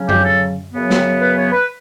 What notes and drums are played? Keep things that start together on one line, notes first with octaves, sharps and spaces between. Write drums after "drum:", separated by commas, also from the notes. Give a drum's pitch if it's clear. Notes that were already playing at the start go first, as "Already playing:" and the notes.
Already playing: C#3 F#3 C#4
G4, drum: tom F#2
A4
F#2 C#3 F#3 B3
drum: snare
B4
C#5
B4